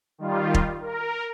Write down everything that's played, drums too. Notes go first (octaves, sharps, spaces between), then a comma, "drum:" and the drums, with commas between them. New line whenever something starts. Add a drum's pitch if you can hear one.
D#3 G3 F4
drum: kick
A#4